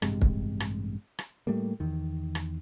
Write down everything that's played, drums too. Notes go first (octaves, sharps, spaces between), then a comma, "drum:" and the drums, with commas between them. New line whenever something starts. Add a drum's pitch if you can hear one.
A1 G2 C3 G#3, drum: rim click
drum: kick
drum: rim click
drum: rim click
A2 G3 A3 A#3
E2 D#3
drum: rim click